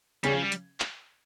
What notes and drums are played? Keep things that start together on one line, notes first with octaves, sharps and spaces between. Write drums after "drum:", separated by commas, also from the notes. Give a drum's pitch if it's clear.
C#3 G3 C#4, drum: hi-hat
F3
G3
drum: hi-hat
drum: clap